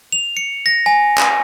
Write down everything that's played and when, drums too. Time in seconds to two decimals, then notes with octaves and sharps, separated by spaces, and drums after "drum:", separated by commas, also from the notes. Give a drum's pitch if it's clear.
0.12 F7
0.37 C#7
0.66 A#6
0.86 G#5
1.18 drum: clap